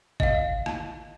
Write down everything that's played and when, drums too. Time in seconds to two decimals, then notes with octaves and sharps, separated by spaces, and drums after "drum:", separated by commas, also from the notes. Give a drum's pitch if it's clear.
0.20 D#5 F5, drum: kick G1
0.66 drum: rim click